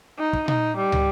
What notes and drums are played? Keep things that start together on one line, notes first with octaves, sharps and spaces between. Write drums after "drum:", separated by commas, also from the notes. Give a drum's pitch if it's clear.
D#4
drum: kick
D#4, drum: tom A#2
G3
drum: tom